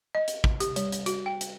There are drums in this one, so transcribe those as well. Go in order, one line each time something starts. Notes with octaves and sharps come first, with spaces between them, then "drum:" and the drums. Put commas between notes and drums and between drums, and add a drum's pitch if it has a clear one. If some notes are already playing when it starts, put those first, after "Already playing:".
D#5
drum: hi-hat
drum: kick
G4, drum: hi-hat
G3, drum: hi-hat
drum: hi-hat
F#4, drum: hi-hat
G5
drum: hi-hat